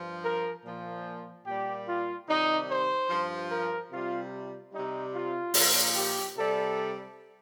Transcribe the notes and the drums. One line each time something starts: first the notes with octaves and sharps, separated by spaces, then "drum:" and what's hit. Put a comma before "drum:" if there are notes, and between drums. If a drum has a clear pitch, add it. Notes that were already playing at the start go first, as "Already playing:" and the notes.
Already playing: G2 F3
A#4
A#2 F3
A#2 G3 G4
F4
C3 D#3 G3 D#4
C5
G2 F3
A#4
C3 G3 F4
C3 G3 D#4
F4
A#2 F3, drum: open hi-hat
G4
C3 G3 A4